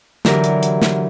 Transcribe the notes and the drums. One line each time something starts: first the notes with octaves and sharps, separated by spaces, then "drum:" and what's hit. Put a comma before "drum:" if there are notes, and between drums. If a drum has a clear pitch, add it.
D3 E3 F#3 G4 A#4, drum: snare
drum: hi-hat
drum: hi-hat
drum: snare